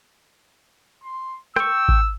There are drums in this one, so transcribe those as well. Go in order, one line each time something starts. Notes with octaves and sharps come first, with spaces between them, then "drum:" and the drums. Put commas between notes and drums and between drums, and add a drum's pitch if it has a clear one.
C6
G5 C#6 E6, drum: rim click
drum: kick G#1